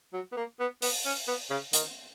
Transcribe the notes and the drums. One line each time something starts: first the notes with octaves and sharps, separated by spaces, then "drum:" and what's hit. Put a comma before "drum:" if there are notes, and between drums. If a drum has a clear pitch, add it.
F#3
B3
A#3
B3
B3, drum: open hi-hat
C#4
B3
C#3
D#3, drum: hi-hat